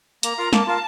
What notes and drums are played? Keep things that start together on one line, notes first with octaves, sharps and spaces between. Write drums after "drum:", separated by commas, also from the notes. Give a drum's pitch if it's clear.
A#3 A#5, drum: hi-hat
F4 A#4 F5
A#3 A5, drum: snare
F4 A#4 F5